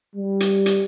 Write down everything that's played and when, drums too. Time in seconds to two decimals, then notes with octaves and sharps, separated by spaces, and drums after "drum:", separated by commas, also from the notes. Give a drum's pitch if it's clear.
0.15 G3
0.40 drum: hi-hat
0.66 drum: hi-hat